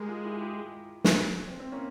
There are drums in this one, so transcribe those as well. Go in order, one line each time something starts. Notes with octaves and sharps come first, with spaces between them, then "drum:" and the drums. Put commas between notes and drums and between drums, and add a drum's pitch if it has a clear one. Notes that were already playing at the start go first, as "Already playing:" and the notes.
Already playing: G#3 G4 A#4
F4 G#4
E4 G4
E4 G4
drum: snare
C4
C4
A#3 C#4